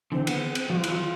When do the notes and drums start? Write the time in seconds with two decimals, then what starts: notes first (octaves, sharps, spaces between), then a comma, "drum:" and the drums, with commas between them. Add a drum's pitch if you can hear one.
0.12 D3 E3 C4
0.27 B3, drum: cymbal
0.55 C4, drum: cymbal
0.70 F3 G3 F#4
0.77 F4
0.84 E4, drum: cymbal
0.88 E3 F#3 F4